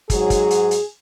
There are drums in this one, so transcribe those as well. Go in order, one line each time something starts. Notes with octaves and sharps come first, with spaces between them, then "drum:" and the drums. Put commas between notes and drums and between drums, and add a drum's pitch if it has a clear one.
G#2 F#3 G#4, drum: kick, hi-hat
drum: kick, hi-hat
drum: hi-hat
drum: hi-hat